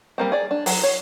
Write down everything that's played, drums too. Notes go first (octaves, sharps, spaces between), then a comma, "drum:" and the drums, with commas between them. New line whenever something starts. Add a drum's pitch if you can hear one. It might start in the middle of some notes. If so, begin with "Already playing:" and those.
G3 A#3 C4
G#4 D5
D4
F#3, drum: open hi-hat
C#5